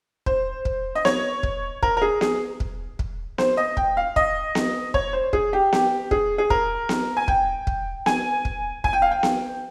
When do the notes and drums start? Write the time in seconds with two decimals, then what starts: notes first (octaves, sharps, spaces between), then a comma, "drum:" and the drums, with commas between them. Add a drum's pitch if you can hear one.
0.26 C5, drum: kick
0.65 drum: kick
0.95 D#5
1.05 C#5, drum: snare B3
1.43 drum: kick
1.83 A#4, drum: kick
1.97 A#4
2.02 G#4
2.21 G#4, drum: snare B3
2.60 drum: kick
2.99 drum: kick
3.38 C5, drum: snare B3
3.57 D#5
3.77 G5, drum: kick
3.97 F5
4.16 D#5, drum: kick
4.55 drum: snare B3
4.94 C#5, drum: kick
5.13 C5
5.33 G#4, drum: kick
5.53 G4
5.73 G4, drum: snare B3
6.11 G#4, drum: kick
6.38 G#4
6.50 A#4, drum: kick
6.89 drum: snare B3
7.17 G#5
7.28 G5, drum: kick
7.67 drum: kick
8.06 G#5, drum: snare B3
8.45 drum: kick
8.84 G#5, drum: kick
8.93 G5
9.02 F5
9.11 G5
9.23 drum: snare B3